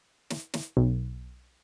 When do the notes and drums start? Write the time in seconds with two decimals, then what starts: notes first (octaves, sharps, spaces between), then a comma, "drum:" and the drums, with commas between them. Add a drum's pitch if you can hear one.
0.30 drum: snare
0.54 drum: snare
0.77 B1